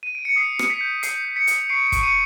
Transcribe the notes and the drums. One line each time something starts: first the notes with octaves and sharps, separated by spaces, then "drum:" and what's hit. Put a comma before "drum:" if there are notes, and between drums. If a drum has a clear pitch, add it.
D#7
D7
C#7
D#6 C7
D#6, drum: rim click
B6 C#7
G6
D#6 C7, drum: hi-hat
G6
B6 C#7
D#6, drum: hi-hat
C#6 C7 D7
C7 D7
C#6, drum: kick, hi-hat
C#7 D#7